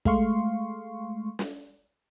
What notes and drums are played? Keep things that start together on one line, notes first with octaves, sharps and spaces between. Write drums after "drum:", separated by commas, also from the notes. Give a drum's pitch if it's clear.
G#3 A3 F5 C6 C#6, drum: kick
drum: snare